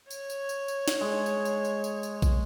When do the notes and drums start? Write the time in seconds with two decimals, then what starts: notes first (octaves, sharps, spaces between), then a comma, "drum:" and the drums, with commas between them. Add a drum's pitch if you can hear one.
0.10 C#5, drum: tambourine
0.30 drum: tambourine
0.49 drum: tambourine
0.68 drum: tambourine
0.88 drum: snare
1.01 G#3
1.26 drum: tambourine
1.45 drum: tambourine
1.65 drum: tambourine
1.84 drum: tambourine
2.03 drum: tambourine
2.22 drum: kick B1, tambourine